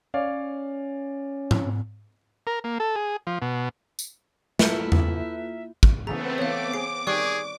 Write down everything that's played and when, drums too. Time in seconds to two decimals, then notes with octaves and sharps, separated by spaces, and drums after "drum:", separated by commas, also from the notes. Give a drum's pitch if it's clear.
0.14 C#4 C#5 D5 F5
1.51 drum: tom G#2
2.47 A#4
2.64 A#3
2.80 A4
2.96 G#4
3.27 F3
3.42 B2
3.99 drum: tambourine
4.59 A#3 E4 F4 A4 B4 E5 G6, drum: snare
4.92 drum: tom E2
5.83 drum: kick
6.07 C#3 E3 A3 B3 C4 G#4 A#5
6.38 E3 A4 C#5 F5 D6
6.73 C4 G#4 C7
7.07 D#3 G3 G4 G#4 D5 C#6 F#6